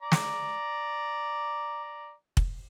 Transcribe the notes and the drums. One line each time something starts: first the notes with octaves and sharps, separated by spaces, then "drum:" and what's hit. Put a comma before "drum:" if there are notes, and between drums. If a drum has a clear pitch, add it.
D5 A#5
drum: snare
drum: kick